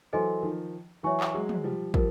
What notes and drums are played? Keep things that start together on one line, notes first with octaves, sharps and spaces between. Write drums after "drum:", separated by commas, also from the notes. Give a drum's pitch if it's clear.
E3 F#3 A4 C5 D#5 G#5 C6
D#3 F3
E3 F#3 C#5 E5 G#5 C#6
drum: clap
F#3 G#3
drum: tom
F3 G3
F3 G3 A#4, drum: kick